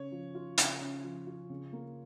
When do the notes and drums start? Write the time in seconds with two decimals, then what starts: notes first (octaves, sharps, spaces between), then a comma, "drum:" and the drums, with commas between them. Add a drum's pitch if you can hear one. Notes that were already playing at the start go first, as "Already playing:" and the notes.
Already playing: C#3 C#4 C#5
0.12 F3
0.35 F4
0.58 C#3, drum: hi-hat
0.81 C#4
1.04 F3
1.27 F4
1.50 C#3
1.73 A#3